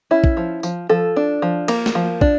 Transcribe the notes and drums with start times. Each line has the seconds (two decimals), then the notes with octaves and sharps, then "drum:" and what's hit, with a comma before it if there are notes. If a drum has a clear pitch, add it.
0.11 C#4 E4
0.24 drum: kick
0.37 F3
0.63 F3, drum: tambourine
0.89 F3 A4
1.16 D4
1.42 F3
1.68 A#3, drum: cymbal
1.86 drum: snare
1.95 F3
2.21 D4, drum: kick